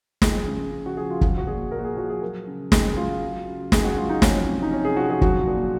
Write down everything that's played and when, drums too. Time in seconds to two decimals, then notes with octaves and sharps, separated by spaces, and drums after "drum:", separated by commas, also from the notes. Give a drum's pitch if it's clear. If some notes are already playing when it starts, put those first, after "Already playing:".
0.22 F3 G#4, drum: snare
0.46 C#3
0.71 C#3
0.86 F#4
0.97 F3 G#4
1.10 F4
1.21 F3 F#4, drum: kick
1.38 F#4
1.47 A#2 G#4
1.71 A#2 A#4
1.79 F#4
1.84 G#4
1.96 F3 F#4
2.09 G#4
2.22 F#3 A#4
2.47 C#3
2.72 C#3 G#4, drum: snare
2.97 F#3 F4
3.22 F#3
3.47 C#3
3.72 C#3 G#4, drum: snare
3.84 F#4
3.97 F#3 F4
4.10 D#4
4.22 F3 C#4, drum: snare
4.47 C3
4.62 D#4
4.72 C3 C#4
4.85 G#4
4.97 F3 F#4
5.10 G#4
5.22 F#3 F#4, drum: kick
5.47 A#2